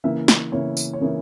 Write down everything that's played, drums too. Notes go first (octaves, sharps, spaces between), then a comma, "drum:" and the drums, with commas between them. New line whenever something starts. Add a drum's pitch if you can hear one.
C#3 E3 A#3 E5
drum: snare
C#3 E3 A#3 C#5
drum: tambourine
C#5
C#3 E3 A#3 A#4